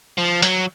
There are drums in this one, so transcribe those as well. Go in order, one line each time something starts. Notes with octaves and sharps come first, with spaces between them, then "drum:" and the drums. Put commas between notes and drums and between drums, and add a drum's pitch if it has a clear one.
F3
F#3, drum: hi-hat